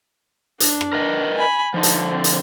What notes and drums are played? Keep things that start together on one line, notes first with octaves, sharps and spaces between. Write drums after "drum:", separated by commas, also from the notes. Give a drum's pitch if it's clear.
D4, drum: hi-hat
drum: rim click
A#4 B4 D#5
G#5 B5
D3 F3 D#4
drum: hi-hat
C4
drum: hi-hat